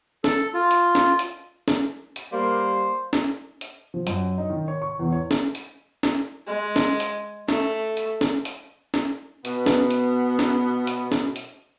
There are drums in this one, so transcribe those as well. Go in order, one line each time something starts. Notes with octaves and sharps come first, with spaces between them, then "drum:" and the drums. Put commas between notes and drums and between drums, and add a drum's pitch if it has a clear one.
A4, drum: snare
F4
drum: hi-hat
drum: snare
drum: hi-hat
drum: snare
drum: hi-hat
G3 A#3 C5
drum: snare
drum: hi-hat
F3
F#2, drum: hi-hat
D#4
D#3
C#5
C#6
E2
C#5
drum: snare
drum: hi-hat
drum: snare
G#3
drum: snare
drum: hi-hat
A3, drum: snare
drum: hi-hat
drum: snare
drum: hi-hat
drum: snare
B2 B3, drum: hi-hat
drum: snare
drum: hi-hat
drum: snare
drum: hi-hat
drum: snare
drum: hi-hat